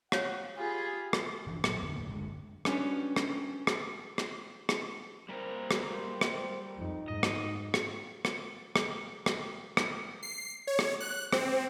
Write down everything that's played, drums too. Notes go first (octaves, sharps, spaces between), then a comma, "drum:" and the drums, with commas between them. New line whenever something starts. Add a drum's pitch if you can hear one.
C#5 F5 F#5, drum: rim click
F4 G4 G#4 B5
drum: rim click
G1 E3 F3 D4
A#2 F#3 A#3 B3, drum: rim click
A1 F2 D3
D1 A2 A#3
G1 D3 G#3
G3 C#4 D4 F#4 B4, drum: rim click
drum: rim click
drum: rim click
drum: rim click
drum: rim click
G3 A#3 A#4 C5
drum: rim click
C5
drum: rim click
F2 D#4
G#2 D#5
drum: rim click
drum: rim click
drum: rim click
drum: rim click
drum: rim click
drum: rim click
C7
C#5
drum: rim click
F#6
C4, drum: rim click